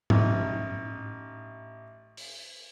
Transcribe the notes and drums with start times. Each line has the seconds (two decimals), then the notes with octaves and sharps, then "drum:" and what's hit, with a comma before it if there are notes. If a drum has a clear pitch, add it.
0.10 A1 D#4, drum: tom
2.17 drum: open hi-hat